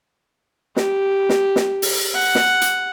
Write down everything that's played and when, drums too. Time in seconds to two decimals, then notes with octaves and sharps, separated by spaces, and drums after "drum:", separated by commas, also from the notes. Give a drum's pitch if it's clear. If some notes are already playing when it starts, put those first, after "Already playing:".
0.76 G4, drum: snare
1.29 drum: snare
1.56 drum: snare
1.82 drum: open hi-hat
2.14 F#5
2.35 drum: snare
2.61 drum: hi-hat